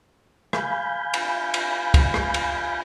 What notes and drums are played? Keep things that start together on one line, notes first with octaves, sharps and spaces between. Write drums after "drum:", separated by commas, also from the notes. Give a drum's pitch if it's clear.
F5 G#5 B5 G6, drum: rim click
drum: cymbal
drum: cymbal
drum: kick, cymbal
drum: rim click
drum: cymbal